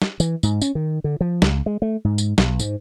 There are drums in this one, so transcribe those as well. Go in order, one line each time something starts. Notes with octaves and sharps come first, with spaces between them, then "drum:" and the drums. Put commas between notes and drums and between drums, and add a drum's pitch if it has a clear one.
drum: snare
E3, drum: tambourine
G#2, drum: tambourine
C#4, drum: tambourine
D#3
D3
F3
C#2, drum: snare
G#3
A3
G#2
drum: tambourine
B1, drum: snare
G#2, drum: tambourine